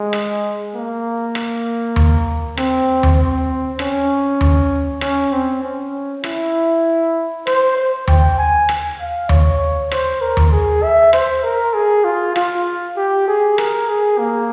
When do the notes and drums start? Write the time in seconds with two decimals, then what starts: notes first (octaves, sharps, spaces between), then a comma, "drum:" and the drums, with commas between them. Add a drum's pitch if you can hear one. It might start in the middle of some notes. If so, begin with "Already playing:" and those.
Already playing: G#3
0.13 drum: rim click
0.75 A#3
1.35 drum: rim click
1.96 drum: tom D#2
2.57 C4, drum: rim click
3.03 drum: tom D#2
3.18 C4
3.79 C#4, drum: rim click
4.41 drum: tom D#2
5.01 C#4, drum: rim click
5.32 C4
5.63 C#4
6.24 E4, drum: rim click
7.47 C5, drum: rim click
7.76 C5
8.08 G5, drum: tom D#2
8.38 G#5
8.69 drum: rim click
9.00 F5
9.29 C#5, drum: tom D#2
9.91 C5, drum: rim click
10.21 A#4
10.37 drum: tom D#2
10.52 G#4
10.83 E5
11.13 C5, drum: rim click
11.43 A#4
11.74 G#4
12.04 F4
12.36 F4, drum: rim click
12.96 G4
13.28 G#4
13.58 A#4, drum: rim click
13.89 G#4
14.19 A#3